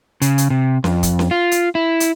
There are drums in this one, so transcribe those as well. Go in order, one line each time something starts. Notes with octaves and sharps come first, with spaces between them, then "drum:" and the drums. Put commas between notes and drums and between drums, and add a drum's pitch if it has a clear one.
C#3, drum: hi-hat
drum: hi-hat
C3
F2, drum: snare C#4
drum: kick, hi-hat
drum: snare C#4
F4
drum: hi-hat
E4
drum: hi-hat